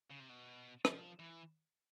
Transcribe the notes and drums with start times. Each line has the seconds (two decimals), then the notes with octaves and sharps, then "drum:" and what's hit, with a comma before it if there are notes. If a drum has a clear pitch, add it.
0.10 C#3
0.20 C3
0.29 B2
0.85 F#3, drum: rim click
0.89 F3
1.19 E3